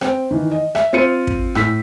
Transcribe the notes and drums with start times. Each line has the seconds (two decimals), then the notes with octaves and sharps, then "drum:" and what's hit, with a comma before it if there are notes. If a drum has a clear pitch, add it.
0.01 C4 G5, drum: rim click
0.31 D#3 E3
0.51 D#5
0.75 E5, drum: rim click
0.93 C4 F4 C5 C#7 D#7
1.27 drum: kick
1.55 A2 E6 B6, drum: rim click